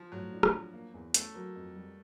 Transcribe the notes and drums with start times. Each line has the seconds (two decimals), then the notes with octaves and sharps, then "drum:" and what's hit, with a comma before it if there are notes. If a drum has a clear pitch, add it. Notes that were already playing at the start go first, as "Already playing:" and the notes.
Already playing: F3
0.12 A2 F#3
0.33 D4
0.43 drum: rim click
0.53 F3
0.73 A#3
0.94 E2
1.14 A3 C#4, drum: hi-hat
1.34 F#3 A#3
1.55 F2
1.76 G3